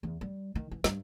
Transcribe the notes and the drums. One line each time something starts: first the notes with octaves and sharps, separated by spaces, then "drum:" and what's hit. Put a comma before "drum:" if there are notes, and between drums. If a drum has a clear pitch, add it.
E2
G3
D#3
E3
G2, drum: snare